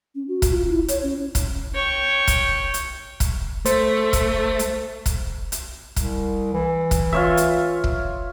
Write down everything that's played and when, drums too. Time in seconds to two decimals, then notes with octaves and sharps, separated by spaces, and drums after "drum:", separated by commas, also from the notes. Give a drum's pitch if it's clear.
0.15 C#4
0.28 F#4
0.42 drum: kick, hi-hat
0.51 F4
0.70 E4
0.88 C#5, drum: hi-hat
1.03 C#4
1.35 drum: kick, hi-hat
1.75 C#5 G5
2.27 drum: kick, hi-hat
2.74 drum: hi-hat
3.20 drum: kick, hi-hat
3.65 A3 C5, drum: hi-hat
4.13 drum: kick, hi-hat
4.59 drum: hi-hat
5.06 drum: kick, hi-hat
5.52 drum: hi-hat
5.96 C2, drum: kick, hi-hat
6.53 E3
6.91 drum: kick, hi-hat
7.13 F4 C#5 E5
7.37 drum: hi-hat
7.84 drum: kick